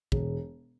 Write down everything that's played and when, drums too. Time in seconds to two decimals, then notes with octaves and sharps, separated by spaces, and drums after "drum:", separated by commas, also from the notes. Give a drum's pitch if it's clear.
0.12 E1, drum: kick